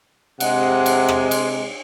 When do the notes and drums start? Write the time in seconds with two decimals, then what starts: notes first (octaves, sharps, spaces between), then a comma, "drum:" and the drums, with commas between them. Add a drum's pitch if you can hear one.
0.40 C3 G#3 F#5, drum: cymbal
0.86 drum: cymbal
1.09 drum: rim click
1.31 drum: cymbal